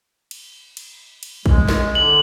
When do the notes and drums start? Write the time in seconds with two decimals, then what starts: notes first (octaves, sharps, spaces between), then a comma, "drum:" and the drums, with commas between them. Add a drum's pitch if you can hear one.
0.31 drum: cymbal
0.77 drum: cymbal
1.23 drum: cymbal
1.46 G#3, drum: kick
1.69 drum: snare
1.95 D3 F#7